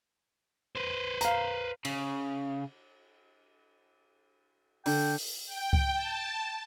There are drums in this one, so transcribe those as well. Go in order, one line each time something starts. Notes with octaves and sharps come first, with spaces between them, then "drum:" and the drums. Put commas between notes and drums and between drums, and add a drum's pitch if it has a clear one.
B4 C5
F5 A#5, drum: hi-hat
C#3, drum: cymbal
D3 G5, drum: open hi-hat
drum: open hi-hat
G5
drum: kick C#2
A5